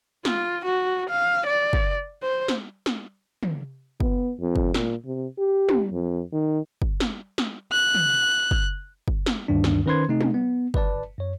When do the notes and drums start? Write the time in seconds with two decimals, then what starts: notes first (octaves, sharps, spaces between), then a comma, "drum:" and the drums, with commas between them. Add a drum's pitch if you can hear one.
0.25 F4, drum: snare
0.65 F#4
1.10 F5
1.46 D5
1.73 drum: kick
2.23 C5
2.48 drum: snare
2.86 drum: snare
3.43 drum: tom
4.00 B3, drum: kick
4.40 F2
4.56 drum: kick
4.74 A#2, drum: snare
5.05 C3
5.39 G4
5.69 drum: tom
5.92 F2
6.33 D#3
6.82 drum: kick
7.00 drum: snare
7.38 drum: snare
7.72 F#6
7.95 drum: tom
8.51 drum: kick
9.08 drum: kick
9.26 drum: snare
9.48 D2 G2 D#3 D4
9.64 drum: snare
9.86 D#3 C#4 B4 C5 C6 G#6
10.09 C3 A3 C4 D#4
10.21 drum: tom
10.34 B3
10.74 G1 B4 D5 A5, drum: kick
11.18 F#2 C#5